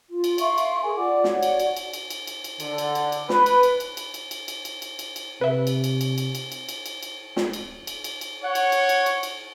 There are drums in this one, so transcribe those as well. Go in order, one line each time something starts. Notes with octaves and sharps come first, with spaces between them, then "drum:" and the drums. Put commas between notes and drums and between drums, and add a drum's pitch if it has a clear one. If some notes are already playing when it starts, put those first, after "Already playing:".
F4
drum: cymbal
E5 F5 C6 C#6, drum: cymbal
drum: cymbal
G#4 A#4 G#5
F4 D5 F#5 D6
F#4 C#5 D5 F#5, drum: snare
drum: cymbal
drum: cymbal
drum: cymbal
drum: cymbal
drum: cymbal
drum: cymbal
drum: cymbal
D3, drum: cymbal
drum: cymbal
drum: cymbal
drum: cymbal
B4, drum: snare
drum: cymbal
drum: cymbal
drum: cymbal
drum: cymbal
drum: cymbal
drum: cymbal
drum: cymbal
drum: cymbal
drum: cymbal
drum: cymbal
drum: cymbal
C3 B4 E5
drum: cymbal
drum: cymbal
drum: cymbal
drum: cymbal
drum: cymbal
drum: cymbal
drum: cymbal
drum: cymbal
drum: cymbal
drum: snare
drum: cymbal
drum: cymbal
drum: cymbal
drum: cymbal
C#5 F#5
drum: cymbal
drum: cymbal
drum: cymbal
drum: cymbal
drum: cymbal